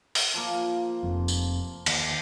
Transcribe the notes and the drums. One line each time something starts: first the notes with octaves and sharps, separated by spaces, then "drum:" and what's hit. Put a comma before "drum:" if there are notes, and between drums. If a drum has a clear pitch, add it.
drum: open hi-hat
F3 A#3
F1 F2
drum: tambourine
D#2, drum: cymbal